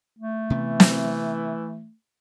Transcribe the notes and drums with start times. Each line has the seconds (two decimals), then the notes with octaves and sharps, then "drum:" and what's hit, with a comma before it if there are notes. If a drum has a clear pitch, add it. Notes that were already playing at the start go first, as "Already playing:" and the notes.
0.19 A3
0.50 C3 E3 B3
0.80 drum: snare